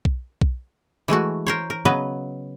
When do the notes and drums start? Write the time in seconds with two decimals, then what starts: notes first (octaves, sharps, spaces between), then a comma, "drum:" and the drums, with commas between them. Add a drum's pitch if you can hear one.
0.05 drum: kick B1
0.41 drum: kick B1
1.08 E3 G#3 A3 F#4
1.47 A#4 C5 C#5
1.70 A#4
1.85 C#3 F#3 B3 B4 D#5